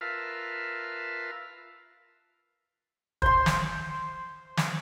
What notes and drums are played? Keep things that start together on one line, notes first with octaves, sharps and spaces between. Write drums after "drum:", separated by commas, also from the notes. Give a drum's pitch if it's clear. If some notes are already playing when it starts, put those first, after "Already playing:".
F4 A#4 B4 E5 F5 A5
C5 C6, drum: kick
drum: snare
drum: snare